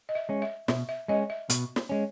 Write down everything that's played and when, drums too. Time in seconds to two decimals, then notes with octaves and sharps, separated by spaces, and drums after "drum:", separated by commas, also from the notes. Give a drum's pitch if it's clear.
0.09 D#5
0.15 E5
0.29 G#3 C#4
0.42 E5
0.68 B2 E5, drum: snare
0.89 E5
1.08 G#3 C#4 D#5
1.30 E5
1.50 B2, drum: hi-hat
1.76 drum: snare
1.89 G#3 C#4